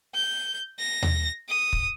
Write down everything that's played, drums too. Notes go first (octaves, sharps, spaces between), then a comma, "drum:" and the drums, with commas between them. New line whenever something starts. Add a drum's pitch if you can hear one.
G6
A#6
drum: tom D#2
D#6
drum: kick